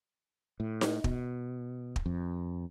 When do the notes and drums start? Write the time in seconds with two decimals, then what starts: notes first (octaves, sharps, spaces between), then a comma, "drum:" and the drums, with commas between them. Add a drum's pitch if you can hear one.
0.60 A2
0.81 drum: snare D#4
1.04 B2, drum: kick
1.96 drum: kick
2.06 F2